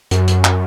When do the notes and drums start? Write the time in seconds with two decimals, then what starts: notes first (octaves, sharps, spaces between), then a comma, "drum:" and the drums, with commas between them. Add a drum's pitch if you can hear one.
0.11 F#2, drum: hi-hat
0.28 drum: hi-hat
0.44 drum: clap